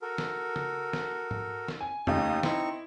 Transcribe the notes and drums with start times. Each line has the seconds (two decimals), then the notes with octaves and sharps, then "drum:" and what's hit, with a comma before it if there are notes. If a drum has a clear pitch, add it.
0.02 F#4 A4 A#4
0.18 drum: snare
0.56 drum: tom C#3
0.93 drum: snare
1.31 drum: tom G#2
1.68 drum: snare
1.81 G#5
2.07 D#2 C#3 A3 D#4 G4 D#6, drum: tom F2
2.43 C4 D#4 E4 C#6, drum: snare